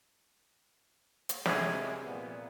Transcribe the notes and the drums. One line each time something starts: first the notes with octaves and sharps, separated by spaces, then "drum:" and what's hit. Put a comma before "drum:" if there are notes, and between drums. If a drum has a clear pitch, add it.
drum: hi-hat
C2 F#2 C3 G#3 E4 G#4, drum: snare
A#2 B3